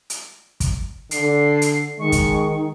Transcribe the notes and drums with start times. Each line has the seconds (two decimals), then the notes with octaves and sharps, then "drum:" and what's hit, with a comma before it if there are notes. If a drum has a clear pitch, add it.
0.10 drum: hi-hat
0.60 drum: kick, hi-hat
1.11 D3 C7, drum: hi-hat
1.62 drum: hi-hat
1.99 D#3 G#3 C#6
2.12 drum: kick, hi-hat